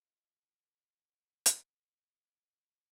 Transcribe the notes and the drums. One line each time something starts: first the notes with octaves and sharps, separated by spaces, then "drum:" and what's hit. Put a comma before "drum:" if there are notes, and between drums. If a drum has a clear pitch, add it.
F4 D#5
drum: hi-hat